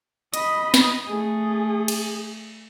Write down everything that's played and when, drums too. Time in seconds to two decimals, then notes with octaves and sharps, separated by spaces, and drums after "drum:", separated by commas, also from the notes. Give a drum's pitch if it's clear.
0.34 D#5 B5, drum: hi-hat
0.74 drum: snare
1.08 A3 G#4
1.88 drum: cymbal